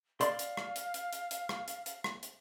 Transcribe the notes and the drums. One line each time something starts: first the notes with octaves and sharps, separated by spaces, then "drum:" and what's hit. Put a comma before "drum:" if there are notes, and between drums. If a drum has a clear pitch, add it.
D5 F5 C6, drum: hi-hat
drum: hi-hat
drum: rim click
drum: hi-hat
drum: hi-hat
drum: hi-hat
drum: hi-hat
drum: rim click
drum: hi-hat
drum: hi-hat
drum: rim click
drum: hi-hat